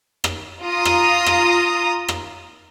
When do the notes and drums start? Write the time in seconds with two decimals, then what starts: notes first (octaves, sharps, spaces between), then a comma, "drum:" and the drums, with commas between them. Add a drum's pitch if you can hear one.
0.24 drum: rim click
0.65 F4 A#5 D#6
0.85 drum: rim click
1.26 drum: rim click
2.08 drum: rim click